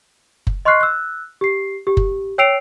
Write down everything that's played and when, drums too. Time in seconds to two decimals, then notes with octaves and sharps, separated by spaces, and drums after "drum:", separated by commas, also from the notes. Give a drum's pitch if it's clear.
0.47 drum: kick F#1
0.65 D#5 C6 C#6 F6 F#6 C7
0.80 E6 F#6
1.41 G4 C7
1.87 G4
1.97 drum: kick F#1
2.38 C#5 G5 E6 C7 D7 F7